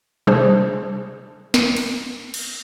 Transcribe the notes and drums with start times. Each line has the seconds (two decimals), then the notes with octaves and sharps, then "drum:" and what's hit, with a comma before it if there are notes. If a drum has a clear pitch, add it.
0.27 C3 G3 D4 G#4 C5
1.54 drum: snare
1.77 drum: cymbal
2.34 drum: cymbal